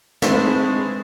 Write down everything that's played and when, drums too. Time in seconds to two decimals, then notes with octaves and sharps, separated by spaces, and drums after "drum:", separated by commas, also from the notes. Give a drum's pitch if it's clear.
0.22 G#3 A3 C4 D4 D#4 B4 C5, drum: snare